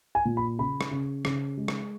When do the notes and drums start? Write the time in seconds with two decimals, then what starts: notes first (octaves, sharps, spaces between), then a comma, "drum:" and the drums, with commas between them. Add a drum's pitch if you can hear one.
0.15 G#5
0.25 A#2
0.37 B5
0.58 C#3 B5
0.81 drum: rim click
0.91 C#3
1.25 C#3, drum: rim click
1.57 G#3
1.68 drum: rim click